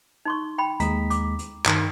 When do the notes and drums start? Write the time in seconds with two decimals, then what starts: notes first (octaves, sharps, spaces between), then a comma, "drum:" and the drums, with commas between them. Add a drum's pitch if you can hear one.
0.25 D#4 C6 C#6
0.58 G5 B5
0.80 D#2 G#3 A4 A#5 B6, drum: hi-hat
1.10 D6, drum: hi-hat
1.39 drum: hi-hat
1.66 G2 D#3, drum: clap